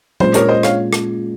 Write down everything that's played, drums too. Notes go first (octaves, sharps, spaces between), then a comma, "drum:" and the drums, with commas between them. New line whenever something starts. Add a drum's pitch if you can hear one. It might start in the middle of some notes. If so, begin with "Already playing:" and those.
A#2 G#3 C#4 C5, drum: tom F#3
A#4 C#5, drum: hi-hat
C5 D#5
C#5 F5, drum: rim click
drum: rim click